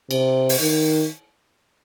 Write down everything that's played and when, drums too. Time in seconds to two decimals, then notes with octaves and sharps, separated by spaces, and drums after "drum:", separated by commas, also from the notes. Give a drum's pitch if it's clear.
0.11 C3, drum: cymbal
0.49 drum: open hi-hat
0.60 D#3